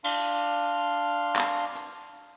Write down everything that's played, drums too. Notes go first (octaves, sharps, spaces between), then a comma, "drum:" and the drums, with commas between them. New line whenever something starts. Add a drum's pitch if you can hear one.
D4 F5 C6, drum: cymbal
drum: clap
drum: hi-hat